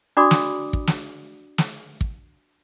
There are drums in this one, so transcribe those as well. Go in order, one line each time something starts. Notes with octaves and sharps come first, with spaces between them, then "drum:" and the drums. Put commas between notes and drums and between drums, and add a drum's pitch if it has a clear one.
D4 F#4 D5 B5 D6 D#6
drum: snare
drum: kick
drum: snare
drum: snare
drum: kick